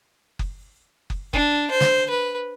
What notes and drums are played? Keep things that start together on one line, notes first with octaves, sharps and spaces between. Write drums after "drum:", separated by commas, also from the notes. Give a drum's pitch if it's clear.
drum: kick F#1
drum: kick F#1
D4, drum: kick F#1
C5
drum: snare
B4